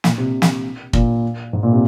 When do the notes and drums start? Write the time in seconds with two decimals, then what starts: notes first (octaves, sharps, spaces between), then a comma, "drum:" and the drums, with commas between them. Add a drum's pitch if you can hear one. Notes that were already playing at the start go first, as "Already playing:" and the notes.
0.04 A#2, drum: snare
0.18 C3
0.42 drum: snare
0.93 A#2, drum: kick
1.53 G#2
1.63 A#2
1.73 C3